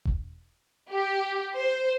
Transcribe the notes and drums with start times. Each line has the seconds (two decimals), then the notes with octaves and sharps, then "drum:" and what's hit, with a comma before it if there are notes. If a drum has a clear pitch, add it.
0.05 drum: kick E1
0.91 G4
1.55 C5